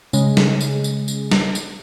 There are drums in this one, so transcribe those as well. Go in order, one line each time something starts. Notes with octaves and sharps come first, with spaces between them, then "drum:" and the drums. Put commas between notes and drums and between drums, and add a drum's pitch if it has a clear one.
C#3 G#3, drum: tambourine
drum: snare
drum: tambourine
drum: tambourine
drum: tambourine
drum: snare
drum: tambourine